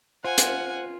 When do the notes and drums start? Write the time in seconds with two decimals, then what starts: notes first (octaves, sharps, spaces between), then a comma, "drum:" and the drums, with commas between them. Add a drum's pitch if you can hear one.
0.25 F4 C5 F#5 G#5
0.38 drum: hi-hat